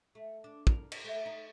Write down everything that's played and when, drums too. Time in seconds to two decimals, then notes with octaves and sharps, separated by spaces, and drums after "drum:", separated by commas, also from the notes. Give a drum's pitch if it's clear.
0.15 A3
0.44 D4
0.67 A#4, drum: kick
0.92 drum: cymbal
1.04 A3
1.25 D#4